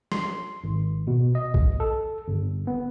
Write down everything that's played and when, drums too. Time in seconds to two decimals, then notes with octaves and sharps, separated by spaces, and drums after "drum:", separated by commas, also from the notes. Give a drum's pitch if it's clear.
0.12 C6, drum: snare
0.64 G#1
1.07 B2
1.35 D#5
1.54 drum: kick A#1
1.80 A4
2.28 G1
2.67 B3